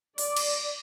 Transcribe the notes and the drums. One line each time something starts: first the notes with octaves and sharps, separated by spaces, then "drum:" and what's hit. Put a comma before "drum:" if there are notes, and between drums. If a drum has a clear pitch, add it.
D5, drum: open hi-hat
drum: cymbal